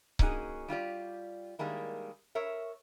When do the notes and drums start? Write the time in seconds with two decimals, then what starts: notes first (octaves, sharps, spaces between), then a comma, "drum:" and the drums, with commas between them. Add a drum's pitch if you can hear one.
0.19 A#3 C#4 D#4 F#4 G#4, drum: kick C#1
0.68 G3 F4 G4 D5
1.59 D#3 G3 G#3 A#3 E4
2.35 A#4 C#5 E5